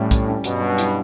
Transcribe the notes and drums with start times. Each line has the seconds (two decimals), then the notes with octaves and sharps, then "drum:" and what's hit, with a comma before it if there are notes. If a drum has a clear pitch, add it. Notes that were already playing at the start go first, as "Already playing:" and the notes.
Already playing: A2 G3 C#4
0.11 G3, drum: kick B1, hi-hat
0.28 C#4
0.44 G2 B2 F#3, drum: hi-hat
0.61 F#3
0.78 E4, drum: hi-hat